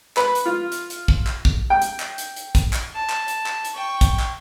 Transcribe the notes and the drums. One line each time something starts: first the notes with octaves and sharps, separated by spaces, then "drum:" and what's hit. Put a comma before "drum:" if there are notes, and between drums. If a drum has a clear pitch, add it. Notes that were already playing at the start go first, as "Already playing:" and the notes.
B4, drum: clap
drum: hi-hat
F4
drum: hi-hat
drum: hi-hat
drum: kick
drum: clap
drum: kick
G5
drum: hi-hat
drum: clap
drum: hi-hat
drum: hi-hat
drum: kick, hi-hat
drum: clap
A5
drum: clap
drum: hi-hat
drum: clap
drum: hi-hat
G5 C#6
drum: kick, hi-hat
drum: clap